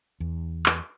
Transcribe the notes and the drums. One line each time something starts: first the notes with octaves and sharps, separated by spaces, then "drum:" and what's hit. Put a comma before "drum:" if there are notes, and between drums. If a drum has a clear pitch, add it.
E2
drum: clap